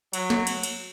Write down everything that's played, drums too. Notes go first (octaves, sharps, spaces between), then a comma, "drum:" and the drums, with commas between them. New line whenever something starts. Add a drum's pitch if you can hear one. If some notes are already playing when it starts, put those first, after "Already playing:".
F#3, drum: cymbal
drum: snare
drum: cymbal
drum: cymbal